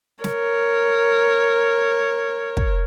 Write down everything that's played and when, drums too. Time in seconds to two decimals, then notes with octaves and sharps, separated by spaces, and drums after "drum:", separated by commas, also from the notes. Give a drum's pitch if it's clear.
0.24 A#4 C#5, drum: snare
2.57 drum: kick